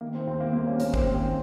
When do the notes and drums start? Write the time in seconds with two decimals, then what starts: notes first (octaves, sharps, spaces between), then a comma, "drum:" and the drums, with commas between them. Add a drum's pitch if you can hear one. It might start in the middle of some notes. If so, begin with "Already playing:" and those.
0.01 D#3 A#3
0.15 C4
0.27 D#2 C4
0.40 A#3
0.53 G3 A#3
0.67 A#3 C#4
0.80 D#2 A#3 C#4, drum: hi-hat
0.94 C4, drum: kick
1.06 D#3 C4